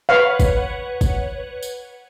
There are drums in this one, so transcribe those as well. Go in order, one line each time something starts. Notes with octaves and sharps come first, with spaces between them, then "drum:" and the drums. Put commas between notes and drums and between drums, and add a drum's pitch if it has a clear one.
B4 C#5 F5 F#5
drum: kick, tambourine
drum: kick, tambourine
drum: tambourine